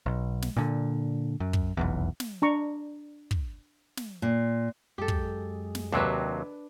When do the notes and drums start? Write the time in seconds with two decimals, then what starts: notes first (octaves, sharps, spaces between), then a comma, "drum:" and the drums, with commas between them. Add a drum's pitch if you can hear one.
0.06 B1
0.42 drum: snare
0.57 A#2 D3
1.40 F#2
1.53 drum: kick
1.77 F1 B1 E2
2.20 drum: snare
2.42 D4 A#5 C#6
3.31 drum: kick
3.97 drum: snare
4.22 A#2
4.98 F#2 G#3 G4 A4
5.08 drum: kick
5.75 drum: snare
5.93 D#2 C3 F#3 D4 B4